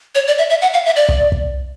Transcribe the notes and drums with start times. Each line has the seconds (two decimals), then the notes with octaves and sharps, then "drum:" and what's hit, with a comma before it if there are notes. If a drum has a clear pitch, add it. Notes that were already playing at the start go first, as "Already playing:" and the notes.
0.15 C#5
0.27 D5
0.38 E5
0.50 E5
0.62 F#5
0.74 F5
0.86 E5
0.96 D5
1.09 drum: kick
1.32 drum: kick